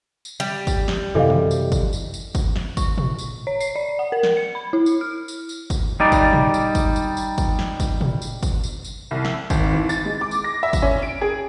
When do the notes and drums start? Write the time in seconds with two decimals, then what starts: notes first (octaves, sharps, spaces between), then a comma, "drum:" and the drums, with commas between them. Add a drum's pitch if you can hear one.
0.25 drum: tambourine
0.40 G3
0.67 drum: kick, tambourine
0.88 drum: snare
1.15 F#2 C3 E3 A4 D#5 F5
1.30 drum: tom
1.51 drum: tambourine
1.72 drum: kick, tambourine
1.93 drum: tambourine
2.14 drum: tambourine
2.35 drum: kick, tambourine
2.56 drum: snare
2.77 C#6, drum: kick, tambourine
2.98 drum: tom
3.19 drum: tambourine
3.47 C#5
3.60 C7, drum: tambourine
3.76 D5
3.99 F#5
4.12 A#4
4.23 drum: snare
4.37 C#7
4.55 B5
4.73 E4
4.86 drum: tambourine
5.01 F6
5.28 drum: tambourine
5.49 drum: tambourine
5.70 drum: kick, tambourine
6.00 G3 D#4 D5
6.12 drum: kick, tambourine
6.33 drum: tom
6.54 drum: tambourine
6.75 drum: kick, tambourine
6.96 drum: tambourine
7.17 drum: tambourine
7.38 drum: kick, tambourine
7.59 drum: snare
7.80 drum: kick, tambourine
8.01 drum: tom
8.22 drum: tambourine
8.43 drum: kick, tambourine
8.64 drum: tambourine
8.85 drum: tambourine
9.11 C2
9.25 E6, drum: snare
9.50 G#1, drum: kick, tambourine
9.73 E3
9.89 A6, drum: tambourine
10.06 G#3
10.21 D6
10.31 drum: tambourine
10.44 A#6
10.63 E5
10.73 drum: kick, tambourine
10.82 C#4
11.02 D7
11.21 G#4